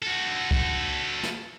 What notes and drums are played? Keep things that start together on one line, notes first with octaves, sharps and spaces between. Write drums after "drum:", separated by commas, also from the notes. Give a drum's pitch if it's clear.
F#4 A4
drum: kick
drum: snare